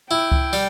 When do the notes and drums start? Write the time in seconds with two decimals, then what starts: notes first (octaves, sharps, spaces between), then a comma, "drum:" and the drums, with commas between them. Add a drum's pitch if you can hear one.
0.11 E4 G5
0.32 drum: kick C#2
0.53 G3, drum: tambourine